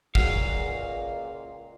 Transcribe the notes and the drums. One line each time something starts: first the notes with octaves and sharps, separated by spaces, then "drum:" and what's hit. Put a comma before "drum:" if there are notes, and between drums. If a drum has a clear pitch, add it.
C#2 A#2 F#4 G#4 F5, drum: kick